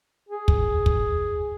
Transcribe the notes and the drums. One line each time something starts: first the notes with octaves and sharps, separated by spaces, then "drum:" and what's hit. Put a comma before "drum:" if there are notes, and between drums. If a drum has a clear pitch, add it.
G#4
drum: kick
drum: kick